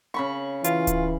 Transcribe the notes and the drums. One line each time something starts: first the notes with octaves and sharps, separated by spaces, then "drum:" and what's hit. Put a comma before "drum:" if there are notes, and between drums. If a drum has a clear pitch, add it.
C#3 B5 C#6
E3 F4, drum: hi-hat
drum: kick D1, hi-hat